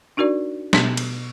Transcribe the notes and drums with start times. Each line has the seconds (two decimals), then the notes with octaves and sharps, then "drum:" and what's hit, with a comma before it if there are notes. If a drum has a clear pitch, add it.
0.17 D4 D#4 F#4 A#4 D5
0.73 B2 B3, drum: snare
0.97 drum: cymbal